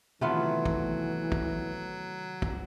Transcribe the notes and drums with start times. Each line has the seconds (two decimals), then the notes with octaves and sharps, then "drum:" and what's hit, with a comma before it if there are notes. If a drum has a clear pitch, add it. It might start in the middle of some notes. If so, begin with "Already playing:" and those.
0.21 C3 D#3 E3 F#3 A3 B3 F4
0.66 drum: kick
1.32 drum: kick
2.42 drum: kick